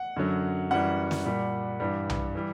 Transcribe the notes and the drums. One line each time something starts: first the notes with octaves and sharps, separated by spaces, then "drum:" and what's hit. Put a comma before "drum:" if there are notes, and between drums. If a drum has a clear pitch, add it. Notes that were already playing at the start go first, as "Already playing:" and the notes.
Already playing: F#5
F#2 D3 F#3
F#2 E3 G3 F#5
drum: snare
A#2 G3
G2 E3 G3
drum: tom B1
E3 G3